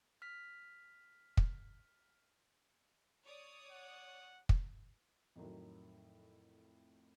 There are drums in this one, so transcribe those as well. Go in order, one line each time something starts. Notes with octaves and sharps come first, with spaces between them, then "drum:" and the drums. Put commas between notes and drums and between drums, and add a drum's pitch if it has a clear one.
F6 B6
drum: kick
C#5 D5 D#6
F#5
drum: kick
F2 A2 D#3 F#3